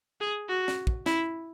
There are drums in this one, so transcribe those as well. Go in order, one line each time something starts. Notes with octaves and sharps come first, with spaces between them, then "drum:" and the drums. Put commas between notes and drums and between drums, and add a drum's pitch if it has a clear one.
G#4
F#4
drum: snare
drum: kick
E4, drum: snare